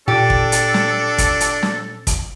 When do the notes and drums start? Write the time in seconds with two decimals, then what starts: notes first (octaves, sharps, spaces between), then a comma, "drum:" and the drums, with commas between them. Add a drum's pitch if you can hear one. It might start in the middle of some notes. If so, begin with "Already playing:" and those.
0.08 A#2 D4 G4 A4
0.30 drum: kick
0.52 drum: hi-hat
0.74 drum: snare
1.18 drum: kick, hi-hat
1.40 drum: hi-hat
1.63 drum: snare
2.07 drum: kick, hi-hat